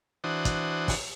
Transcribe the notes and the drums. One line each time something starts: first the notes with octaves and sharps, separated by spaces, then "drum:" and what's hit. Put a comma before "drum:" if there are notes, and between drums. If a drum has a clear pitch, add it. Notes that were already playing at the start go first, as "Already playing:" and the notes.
E3 D4 F#4 C5 D#6
drum: kick, hi-hat
drum: kick, open hi-hat